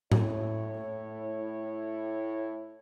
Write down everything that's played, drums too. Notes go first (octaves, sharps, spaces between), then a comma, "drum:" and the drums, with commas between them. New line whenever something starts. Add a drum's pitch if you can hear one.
A2 E4 C#5, drum: tom A2